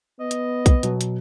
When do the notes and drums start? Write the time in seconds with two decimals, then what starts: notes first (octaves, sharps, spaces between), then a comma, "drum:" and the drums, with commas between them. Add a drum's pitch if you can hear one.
0.20 B3 D#5
0.31 drum: hi-hat
0.66 drum: kick B1, hi-hat
0.83 B2 F#3, drum: hi-hat
1.01 drum: hi-hat